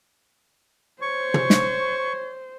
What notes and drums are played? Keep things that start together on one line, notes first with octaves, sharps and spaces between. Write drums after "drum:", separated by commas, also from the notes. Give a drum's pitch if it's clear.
C5 C#5 C#6
drum: tom
drum: snare